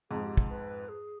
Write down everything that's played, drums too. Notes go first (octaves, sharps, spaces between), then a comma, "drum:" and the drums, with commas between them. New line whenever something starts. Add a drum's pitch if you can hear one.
F2 G#2 G#4
G4
drum: kick
B4
G#4